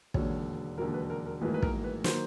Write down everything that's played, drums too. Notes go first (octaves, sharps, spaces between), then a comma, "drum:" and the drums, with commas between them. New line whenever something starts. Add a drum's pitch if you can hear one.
E1 D#2 D3 F#3 A#3 C#5, drum: kick
E1 D#2 D3 F#3 A#3 A#4
B4
A#4
A#4
A1 G#2 D#3 F#3 A#3 B4
B4
A#4, drum: kick
B4
D#3 F#3 A#3 C5, drum: snare